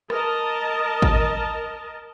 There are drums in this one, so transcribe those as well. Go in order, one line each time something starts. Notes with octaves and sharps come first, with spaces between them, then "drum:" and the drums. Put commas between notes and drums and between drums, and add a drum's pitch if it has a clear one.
A#4 D#5 A5, drum: rim click
drum: kick G#1